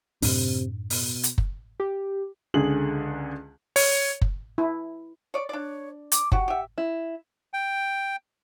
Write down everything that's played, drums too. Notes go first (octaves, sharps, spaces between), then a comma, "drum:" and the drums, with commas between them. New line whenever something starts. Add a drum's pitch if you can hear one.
F#2 A2 C3 D4, drum: open hi-hat
B2, drum: open hi-hat
drum: hi-hat
drum: kick F#1
G4
C#2 D3 G#4 F#7
C#5, drum: open hi-hat
drum: kick F#1
E4
C#5 D5
D4 C#5 D5
D6, drum: hi-hat
F#4 G4 F#5, drum: kick F#1
G4 E5
E4
G5